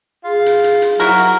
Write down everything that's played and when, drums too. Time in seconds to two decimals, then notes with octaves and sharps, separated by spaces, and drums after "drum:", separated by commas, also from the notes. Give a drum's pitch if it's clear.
0.24 F4 G#4
0.46 drum: hi-hat
0.64 drum: hi-hat
0.82 drum: hi-hat
1.00 F#3 E4 F#4 A#4, drum: hi-hat
1.17 drum: hi-hat